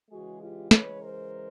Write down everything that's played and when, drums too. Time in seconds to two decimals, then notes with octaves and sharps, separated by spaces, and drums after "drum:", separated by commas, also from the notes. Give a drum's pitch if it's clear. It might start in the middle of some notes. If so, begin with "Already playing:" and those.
0.11 C#3 E3 G#3 F#4 G#4
0.41 F4 G4
0.71 B4 C#5, drum: snare
1.00 A#4 C5